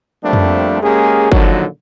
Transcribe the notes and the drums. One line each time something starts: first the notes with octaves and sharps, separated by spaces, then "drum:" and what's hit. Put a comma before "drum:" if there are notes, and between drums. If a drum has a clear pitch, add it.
F3 G3 A3 A#3 C4 D4
drum: tom F2
G#3 A#3 C#4 G4 G#4
A#2 D3 D#3 F3 F#3, drum: kick